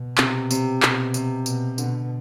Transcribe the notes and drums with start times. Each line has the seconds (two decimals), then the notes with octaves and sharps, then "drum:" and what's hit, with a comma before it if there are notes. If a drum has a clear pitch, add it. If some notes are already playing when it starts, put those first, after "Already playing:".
Already playing: B2
0.18 C3, drum: clap
0.51 C3, drum: tambourine
0.83 B2, drum: clap
1.14 C3, drum: tambourine
1.46 B2, drum: tambourine
1.78 B2 D3, drum: tambourine